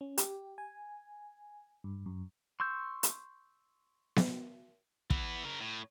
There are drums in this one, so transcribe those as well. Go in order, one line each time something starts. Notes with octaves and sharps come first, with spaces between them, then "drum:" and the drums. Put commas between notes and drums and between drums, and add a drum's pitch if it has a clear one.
C#4
G4, drum: hi-hat
G#5
G2
F#2
C6 C#6 E6 G6
drum: hi-hat
drum: snare B3
E3 B3, drum: kick
C#3 A#4
A2